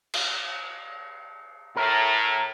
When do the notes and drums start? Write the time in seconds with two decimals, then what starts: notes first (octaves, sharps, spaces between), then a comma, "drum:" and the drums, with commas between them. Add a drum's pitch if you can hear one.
0.14 drum: cymbal
1.76 A2 A#4